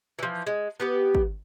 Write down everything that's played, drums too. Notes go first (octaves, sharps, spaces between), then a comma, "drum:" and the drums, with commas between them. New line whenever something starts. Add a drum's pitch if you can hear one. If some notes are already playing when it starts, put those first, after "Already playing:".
E3 F3
G#3
B3 G4 B4
drum: kick